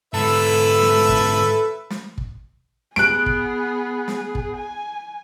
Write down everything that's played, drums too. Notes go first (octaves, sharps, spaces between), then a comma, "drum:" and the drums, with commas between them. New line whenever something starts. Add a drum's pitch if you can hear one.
G#2 D3 E4 A4 B4 E5
drum: snare
drum: kick
drum: snare
drum: kick
B3 G#4 F#6 D7, drum: snare
drum: kick
drum: snare
drum: kick
G#5